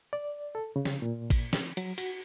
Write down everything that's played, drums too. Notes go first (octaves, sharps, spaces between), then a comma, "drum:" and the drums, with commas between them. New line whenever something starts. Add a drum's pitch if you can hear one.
D5
A4
C#3
drum: snare
A#2
drum: kick, cymbal
drum: snare
F#3, drum: cymbal
F#4, drum: cymbal